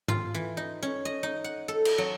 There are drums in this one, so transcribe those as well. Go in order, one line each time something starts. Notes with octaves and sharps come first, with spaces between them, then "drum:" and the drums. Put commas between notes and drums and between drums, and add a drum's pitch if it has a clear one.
F4, drum: tom G#2
E3
D#4
C#4
D#5
D#4
F#5
A4
drum: cymbal
F#3